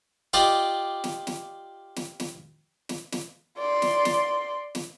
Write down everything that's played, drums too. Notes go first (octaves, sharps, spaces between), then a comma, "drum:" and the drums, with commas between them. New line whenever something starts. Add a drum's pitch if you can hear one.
F4 G4 D5 D#5
drum: snare
drum: snare
drum: snare
drum: snare
drum: snare
drum: snare
D5 C6
drum: snare
drum: snare
drum: snare